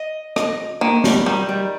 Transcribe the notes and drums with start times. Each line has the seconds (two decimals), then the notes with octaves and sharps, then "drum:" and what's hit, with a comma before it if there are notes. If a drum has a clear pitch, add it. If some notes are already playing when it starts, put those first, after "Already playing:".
Already playing: D#5
0.36 D#5, drum: rim click
0.81 D#3 A#3
1.04 G3, drum: snare
1.26 D#3 G3
1.49 G3